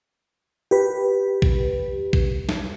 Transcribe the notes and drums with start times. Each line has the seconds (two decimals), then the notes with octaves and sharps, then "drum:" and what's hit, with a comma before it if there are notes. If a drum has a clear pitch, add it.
0.71 G4 B4
1.42 drum: kick A#1
2.13 drum: kick A#1
2.49 drum: snare